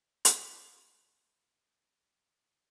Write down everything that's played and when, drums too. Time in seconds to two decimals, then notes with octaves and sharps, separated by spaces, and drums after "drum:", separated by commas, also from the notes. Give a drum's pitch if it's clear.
0.25 B5 D6 D#6 B6, drum: hi-hat